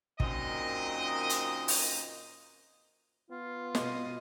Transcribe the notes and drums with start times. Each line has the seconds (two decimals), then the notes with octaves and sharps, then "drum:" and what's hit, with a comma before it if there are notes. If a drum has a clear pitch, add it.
0.20 F#2 A#2 D#3 C4 D#5, drum: kick
1.30 drum: hi-hat
1.68 drum: open hi-hat
3.30 B3 F4
3.75 B2 D#5, drum: snare